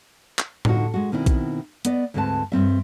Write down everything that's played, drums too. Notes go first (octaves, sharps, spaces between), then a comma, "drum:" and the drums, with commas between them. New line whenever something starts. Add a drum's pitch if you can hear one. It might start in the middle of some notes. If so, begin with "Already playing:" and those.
drum: clap
D2 D3 D#4 F4 F#4, drum: tom A2
G#3 F#4
B2 D#3 C4 E4
drum: kick A#1, hi-hat
B3 B4 D5 D#5, drum: hi-hat
D2 G#2 G#3 C4 B4 A5
G2 C4 E5